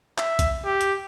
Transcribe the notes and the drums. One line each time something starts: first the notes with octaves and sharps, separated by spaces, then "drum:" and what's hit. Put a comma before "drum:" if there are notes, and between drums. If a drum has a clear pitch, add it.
E5, drum: clap
drum: kick, hi-hat
G4
drum: hi-hat